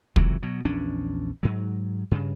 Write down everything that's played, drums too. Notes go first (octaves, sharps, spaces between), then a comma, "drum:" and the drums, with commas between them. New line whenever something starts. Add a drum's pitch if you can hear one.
C#2 C3 E3 F#3, drum: kick
B2 F#3
A#1 E2 C#4 D4
G#2 F#3
G2 C#3